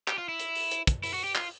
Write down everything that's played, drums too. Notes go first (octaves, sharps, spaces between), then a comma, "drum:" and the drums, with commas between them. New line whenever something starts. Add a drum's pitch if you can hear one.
G4, drum: clap
F4
E4
drum: hi-hat
drum: open hi-hat
drum: hi-hat
drum: kick, hi-hat
E4, drum: open hi-hat
F#4
G4
F4, drum: clap